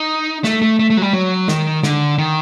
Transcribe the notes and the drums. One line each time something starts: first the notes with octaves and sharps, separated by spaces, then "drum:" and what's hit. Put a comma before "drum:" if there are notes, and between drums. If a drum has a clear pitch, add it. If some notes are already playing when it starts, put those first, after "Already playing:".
Already playing: D#4
A3, drum: snare
A3
A3
A3
F#3
G3
F#3
D#3, drum: snare
D3, drum: snare
D#3